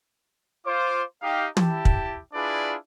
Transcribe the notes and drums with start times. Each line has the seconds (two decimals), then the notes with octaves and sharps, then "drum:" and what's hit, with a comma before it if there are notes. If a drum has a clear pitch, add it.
0.66 F4 C5 D6
1.22 D#4 G4 F5
1.57 E4 G4 A5, drum: tom
1.85 drum: kick
2.34 D4 E4 F4 G#4 B4 D5